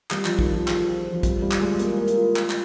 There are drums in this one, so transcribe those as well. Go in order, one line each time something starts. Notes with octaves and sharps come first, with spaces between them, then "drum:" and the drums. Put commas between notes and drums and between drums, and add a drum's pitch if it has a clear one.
G3 F4, drum: clap
F3 F4, drum: clap
D#3, drum: kick
F3 F4
G#4, drum: clap
C5
C5
F3
G3 F4, drum: kick, hi-hat
G3 F4
drum: clap
G#3 F4
G#3
A#3 A#4, drum: hi-hat
A#4
drum: hi-hat
F4
F4, drum: clap
drum: clap